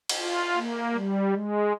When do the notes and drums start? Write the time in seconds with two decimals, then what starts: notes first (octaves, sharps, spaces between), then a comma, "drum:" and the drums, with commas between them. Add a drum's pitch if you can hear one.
0.09 drum: cymbal
0.19 F4
0.57 A#3
0.95 G3
1.33 G#3